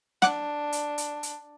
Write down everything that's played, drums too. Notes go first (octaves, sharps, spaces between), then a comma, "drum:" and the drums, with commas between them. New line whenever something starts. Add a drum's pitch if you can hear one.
D4 F#5 D6 F#6, drum: snare
drum: hi-hat
drum: hi-hat
drum: hi-hat